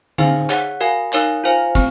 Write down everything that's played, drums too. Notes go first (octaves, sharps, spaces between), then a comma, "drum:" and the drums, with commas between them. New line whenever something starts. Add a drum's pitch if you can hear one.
D#4 G#4 C5 F5 G#5, drum: tom D3
G#4 C#5 F#5, drum: clap
F#4 A#4 F5 G#5
D#4 A#4 C#5 F5 G#5, drum: clap
F4 C5 F5 G#5
C4, drum: kick, hi-hat